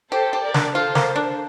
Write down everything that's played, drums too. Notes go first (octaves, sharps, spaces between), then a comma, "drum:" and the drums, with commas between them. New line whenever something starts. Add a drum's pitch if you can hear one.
G4 A4 C5
G4
A#4 D5
D4, drum: snare
F4 A4 C5
A#3, drum: snare
D4